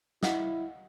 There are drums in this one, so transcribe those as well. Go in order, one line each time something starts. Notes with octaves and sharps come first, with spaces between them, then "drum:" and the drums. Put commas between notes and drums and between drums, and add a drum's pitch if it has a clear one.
E4 D#5 F5 F#5, drum: snare